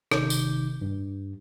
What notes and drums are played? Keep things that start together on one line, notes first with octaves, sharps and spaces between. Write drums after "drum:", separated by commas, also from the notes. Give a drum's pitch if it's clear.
G1 C3 D#3 D#4 D6 G6, drum: rim click
drum: tambourine
G2